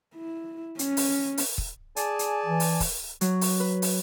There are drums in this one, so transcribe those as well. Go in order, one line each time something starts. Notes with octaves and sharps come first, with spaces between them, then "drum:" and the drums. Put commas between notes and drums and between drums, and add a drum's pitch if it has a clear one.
E4
C#4, drum: hi-hat
drum: open hi-hat
drum: open hi-hat
drum: kick
G#4 D5 G#5 A5, drum: hi-hat
drum: hi-hat
E3
drum: open hi-hat
drum: kick, open hi-hat
F#3, drum: hi-hat
drum: open hi-hat
B4
drum: open hi-hat